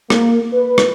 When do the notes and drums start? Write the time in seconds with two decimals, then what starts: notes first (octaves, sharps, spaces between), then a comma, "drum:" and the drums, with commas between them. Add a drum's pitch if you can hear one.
0.10 A#3, drum: rim click
0.51 B4
0.78 drum: rim click